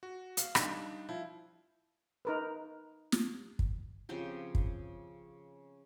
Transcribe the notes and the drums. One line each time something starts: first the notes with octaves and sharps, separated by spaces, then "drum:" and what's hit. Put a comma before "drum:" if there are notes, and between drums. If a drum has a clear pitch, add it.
F#4
F5, drum: hi-hat
G3 D4 D#4 E7, drum: rim click
F3 E4
D#4 A#4 B4
drum: snare
drum: kick
C#3 F3 C4 G4
drum: kick